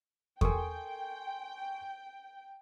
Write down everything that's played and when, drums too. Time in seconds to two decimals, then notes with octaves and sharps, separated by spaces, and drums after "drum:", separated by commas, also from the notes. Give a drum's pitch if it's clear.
0.41 A4 A#4 G5 G#5 C6 C#6, drum: kick E2